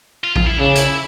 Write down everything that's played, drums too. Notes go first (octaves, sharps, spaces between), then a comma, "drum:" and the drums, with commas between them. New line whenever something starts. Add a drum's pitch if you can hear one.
F4
F4, drum: kick A#1
E4
C#3 D4
E4, drum: hi-hat